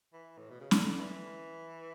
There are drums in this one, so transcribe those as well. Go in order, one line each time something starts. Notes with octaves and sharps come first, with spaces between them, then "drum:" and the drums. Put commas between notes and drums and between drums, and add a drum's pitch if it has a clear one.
E3
A2
B2
C#3
D3, drum: snare C#4
E3